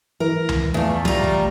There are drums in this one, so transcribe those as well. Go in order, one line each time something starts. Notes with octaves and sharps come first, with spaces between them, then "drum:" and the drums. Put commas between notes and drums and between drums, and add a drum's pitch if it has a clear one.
E3 A#4
drum: tom C#2
E2 E3 F3 A3
G3 F4 A#5, drum: tom C#2
drum: kick